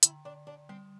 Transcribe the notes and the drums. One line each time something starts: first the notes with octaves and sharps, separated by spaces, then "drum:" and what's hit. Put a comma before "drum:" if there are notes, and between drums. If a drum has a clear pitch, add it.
D3 E4, drum: hi-hat
D3 D4
D3 D4
G3 C4